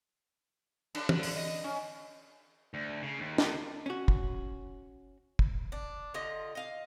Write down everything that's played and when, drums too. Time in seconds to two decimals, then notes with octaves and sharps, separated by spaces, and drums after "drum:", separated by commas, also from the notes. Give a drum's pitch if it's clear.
0.95 D4, drum: cymbal
1.09 D3, drum: tom
1.23 drum: open hi-hat
1.36 D#5
1.64 C#4
2.74 D2
3.03 C#3
3.19 D#2
3.38 D#2, drum: snare
3.86 C#4 F#4
4.08 drum: kick
5.39 drum: kick
5.72 D4
6.14 D3 F4 D#5
6.55 D#5 F5